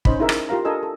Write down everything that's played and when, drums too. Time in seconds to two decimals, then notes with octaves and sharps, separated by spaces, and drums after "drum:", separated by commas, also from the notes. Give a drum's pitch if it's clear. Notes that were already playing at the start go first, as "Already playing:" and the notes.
0.05 C#4 D#4 C5 D#5 B5, drum: kick
0.19 D#4 E4 G#4 A#4 E5
0.29 drum: rim click
0.49 F4 G4 A#4 F5 A#5
0.65 D4 A4 A#4 D#5 G#5 E6
0.83 A4